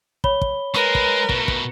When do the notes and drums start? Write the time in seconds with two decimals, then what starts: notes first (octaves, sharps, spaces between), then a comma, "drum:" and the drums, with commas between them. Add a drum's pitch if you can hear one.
0.24 C#5 B5 G7, drum: kick
0.42 drum: kick
0.74 G#3 A#4 B4, drum: rim click
0.95 drum: kick
1.29 B2 A3, drum: kick
1.48 drum: kick